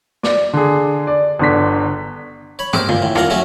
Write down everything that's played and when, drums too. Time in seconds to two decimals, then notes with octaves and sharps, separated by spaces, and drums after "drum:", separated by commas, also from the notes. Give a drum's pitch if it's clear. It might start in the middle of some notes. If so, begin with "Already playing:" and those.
0.23 D5, drum: snare
0.53 D3 G#4
1.07 D5
1.39 G1 D3 B6
2.59 C#5 B5
2.73 G4 A#4 C5, drum: tom
2.89 A#2, drum: tom D3
3.02 A2
3.15 C2 A#2 F5 F#5 A#5, drum: tom
3.30 F#3 A3 C#4 F#4 E5